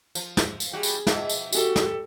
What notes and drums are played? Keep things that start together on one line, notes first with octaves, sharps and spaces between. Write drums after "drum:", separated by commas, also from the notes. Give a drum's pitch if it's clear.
F3, drum: tambourine
drum: snare
drum: tambourine
G3 F#4 G#4
drum: tambourine
B2 F3 E5, drum: snare
drum: tambourine
F#4 G4 A4, drum: tambourine
drum: snare